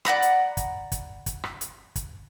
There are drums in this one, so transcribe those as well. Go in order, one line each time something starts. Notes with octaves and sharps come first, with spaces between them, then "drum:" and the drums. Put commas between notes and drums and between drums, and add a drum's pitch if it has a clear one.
D5 F#5 A#5 B5, drum: rim click
drum: hi-hat
drum: kick, hi-hat
drum: kick, hi-hat
drum: kick, hi-hat
drum: rim click
drum: hi-hat
drum: kick, hi-hat